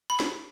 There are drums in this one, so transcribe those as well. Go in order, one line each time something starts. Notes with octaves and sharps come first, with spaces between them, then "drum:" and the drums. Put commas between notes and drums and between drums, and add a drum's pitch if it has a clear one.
B5
drum: snare